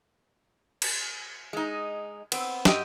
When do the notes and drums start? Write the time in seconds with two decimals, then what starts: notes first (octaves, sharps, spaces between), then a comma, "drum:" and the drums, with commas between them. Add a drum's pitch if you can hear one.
0.82 drum: cymbal
1.53 G#3 D#4
2.32 B3 C4, drum: cymbal
2.65 F#2 G4 D#5 G5, drum: snare